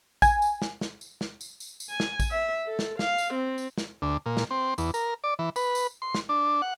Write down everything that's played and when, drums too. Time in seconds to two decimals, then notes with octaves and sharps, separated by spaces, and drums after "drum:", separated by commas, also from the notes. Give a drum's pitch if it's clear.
0.22 G#5, drum: kick A1, tambourine
0.42 drum: tambourine
0.62 drum: snare
0.81 drum: snare
1.01 drum: tambourine
1.21 drum: snare
1.41 drum: tambourine
1.60 drum: tambourine
1.80 drum: tambourine
1.90 G#5
2.00 drum: snare
2.20 drum: kick A1, tambourine
2.31 E5
2.66 A4
2.79 drum: snare
2.99 F5, drum: snare
3.18 drum: tambourine
3.34 C4
3.58 drum: tambourine
3.78 drum: snare
4.02 D2
4.26 A#2
4.37 drum: snare
4.51 C4
4.78 E2, drum: tambourine
4.94 A#4, drum: tambourine
5.24 D5
5.39 E3
5.56 B4, drum: tambourine
5.75 drum: tambourine
6.02 C6
6.14 drum: snare
6.29 D4
6.62 F#5